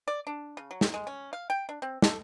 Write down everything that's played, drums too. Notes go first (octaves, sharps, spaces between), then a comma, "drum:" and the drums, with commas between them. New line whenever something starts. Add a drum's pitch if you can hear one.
D5
D4
C#3
F#3
drum: snare
G#3
C#4
F5
G5
D4
C4
A4, drum: snare